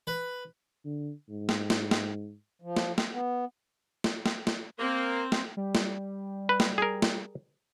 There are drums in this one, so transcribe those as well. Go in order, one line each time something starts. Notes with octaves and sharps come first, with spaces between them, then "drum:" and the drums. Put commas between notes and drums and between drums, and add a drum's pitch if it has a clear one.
B4
D3
G#2
drum: snare
drum: snare
drum: snare
F3
drum: snare
drum: snare
B3
drum: snare
drum: snare
drum: snare
A#3 C4 C5
drum: snare
G3
drum: snare
B4
drum: snare
G#4 A#4
drum: snare